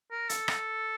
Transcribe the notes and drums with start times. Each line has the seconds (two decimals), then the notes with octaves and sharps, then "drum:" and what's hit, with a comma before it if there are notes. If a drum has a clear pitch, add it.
0.12 A#4
0.29 A4, drum: hi-hat
0.48 drum: rim click